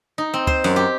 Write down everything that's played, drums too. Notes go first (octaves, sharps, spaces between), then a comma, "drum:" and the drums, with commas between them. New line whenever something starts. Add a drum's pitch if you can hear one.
D#4
C4
C5, drum: kick
F#2, drum: open hi-hat
G4